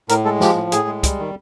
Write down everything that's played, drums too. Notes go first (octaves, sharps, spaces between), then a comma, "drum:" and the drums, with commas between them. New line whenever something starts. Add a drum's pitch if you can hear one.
A2 A#4, drum: hi-hat
G#3 A4
F3 G4, drum: snare
A2
A2 G#4, drum: hi-hat
G#3
G3, drum: kick, hi-hat
D#3